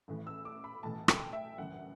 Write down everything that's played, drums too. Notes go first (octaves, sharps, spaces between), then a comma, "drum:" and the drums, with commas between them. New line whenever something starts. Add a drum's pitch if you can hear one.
A1 A2 E3
E6
D6
B5
B1 A2 E3 A5
G5, drum: rim click
E5
G1 F#2 E3 F#5